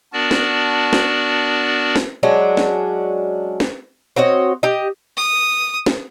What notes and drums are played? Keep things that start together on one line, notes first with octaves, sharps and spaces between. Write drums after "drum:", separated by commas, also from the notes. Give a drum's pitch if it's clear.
B3 D4 F#4 A#4 D5 A5
drum: snare
drum: snare
drum: snare
F#3 G#3 C#4 D4
drum: snare
drum: snare
C4 F#4 C#5 D#5
G4 D#5
D#6
drum: snare